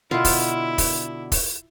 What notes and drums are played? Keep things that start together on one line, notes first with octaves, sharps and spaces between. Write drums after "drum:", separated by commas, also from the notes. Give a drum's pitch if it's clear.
B2 D3 E4 F4
drum: kick, open hi-hat
drum: kick, open hi-hat
drum: kick, open hi-hat